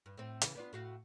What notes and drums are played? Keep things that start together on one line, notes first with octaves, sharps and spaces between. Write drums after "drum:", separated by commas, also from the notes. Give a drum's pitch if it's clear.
G2
A2 C4
C#3 E3, drum: hi-hat
B3 D4 F4
A2 F#4 F5